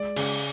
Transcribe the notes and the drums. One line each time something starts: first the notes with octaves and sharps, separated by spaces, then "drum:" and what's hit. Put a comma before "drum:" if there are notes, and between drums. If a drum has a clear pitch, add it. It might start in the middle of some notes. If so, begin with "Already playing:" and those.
Already playing: G#3 D5
C#3, drum: cymbal